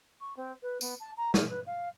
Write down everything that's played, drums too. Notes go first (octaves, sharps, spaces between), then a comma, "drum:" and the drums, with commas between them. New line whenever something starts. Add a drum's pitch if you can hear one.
C#6
C4
B4
B3, drum: tambourine
A5
A#5
A#4, drum: snare
B4
F5